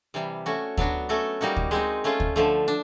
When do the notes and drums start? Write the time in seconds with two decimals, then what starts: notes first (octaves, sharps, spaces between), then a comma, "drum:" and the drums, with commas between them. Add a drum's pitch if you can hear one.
0.14 C3 E3 G3
0.46 A3 C#4 F#4
0.77 F#3 B3 D4 F#4, drum: kick D2
1.09 A3 C#4 F#4 A4
1.41 G3 A#3 D#4 F#4
1.57 drum: kick D2
1.71 G#3 C4 D#4
2.04 A3 C#4 F4
2.20 drum: kick D2
2.36 D3 F3 A3
2.68 D4